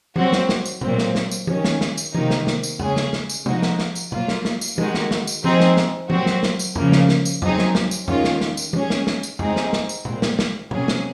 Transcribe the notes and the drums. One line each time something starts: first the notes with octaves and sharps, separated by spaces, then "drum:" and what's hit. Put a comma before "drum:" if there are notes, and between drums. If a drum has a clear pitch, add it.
F#3 C4 F#4, drum: tom
drum: snare
drum: snare
drum: tambourine
A#2 F#3 C4, drum: tom
drum: snare
drum: snare
drum: tambourine
D#3 F#3 C#4, drum: tom
drum: snare
drum: snare
drum: tambourine
C3 D#3 A#3 D#4, drum: tom
drum: snare
drum: snare
drum: tambourine
C#3 G#3 C#4 G#4, drum: tom E2
drum: snare
drum: snare
drum: tambourine
F3 G#3 D#4 F#4, drum: tom
drum: snare
drum: snare
drum: tambourine
F#3 A#3 F4, drum: tom
drum: snare
drum: snare
drum: tambourine
D#3 G#3 D#4 F#4, drum: tom
drum: snare
drum: snare
drum: tambourine
F3 C4 D#4 G#4, drum: tom
drum: snare
drum: snare
A#2 F#3 C4 F#4, drum: tom
drum: snare
drum: snare
drum: tambourine
C#3 F3 A#3, drum: tom E2
drum: snare
drum: snare
drum: tambourine
F#3 C4 D#4 G#4, drum: tom E2
drum: snare
drum: snare
drum: tambourine
D#3 G#3 C#4 F4, drum: tom E2
drum: snare
drum: snare
drum: tambourine
G#3 C#4 G#4, drum: tom
drum: snare
drum: snare
drum: tambourine
G#3 C4 D#4 G#4, drum: tom E2
drum: snare
drum: snare
drum: tambourine
A#2 G#3 C4, drum: tom
drum: snare
drum: snare
C3 F#3 A#3 C#4 G#4, drum: tom
drum: snare